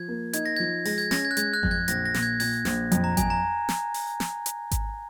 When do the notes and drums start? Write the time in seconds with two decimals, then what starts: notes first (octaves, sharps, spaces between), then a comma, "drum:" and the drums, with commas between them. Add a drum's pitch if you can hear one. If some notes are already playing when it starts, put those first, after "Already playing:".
Already playing: F3 G#6
0.08 A#3
0.33 D#4 G#6, drum: hi-hat
0.46 A#6
0.56 F3 G#6
0.85 G#3 A#6, drum: open hi-hat
0.98 G#6
1.11 C#4 A#6, drum: snare
1.25 G#6
1.31 F#6
1.37 G#3 G#6, drum: hi-hat
1.53 F#6
1.63 F2, drum: kick G#1
1.71 G#6
1.88 A#1 A#6, drum: hi-hat
2.05 A#6
2.14 A#2, drum: snare
2.23 G#6
2.40 A#2 G#6, drum: open hi-hat
2.65 A#1, drum: snare
2.92 F2, drum: hi-hat
3.04 A#5
3.17 F2 G#5, drum: kick G#1, hi-hat
3.30 A#5
3.69 drum: snare
3.94 drum: open hi-hat
4.20 drum: snare
4.46 drum: hi-hat
4.71 drum: kick G#1, hi-hat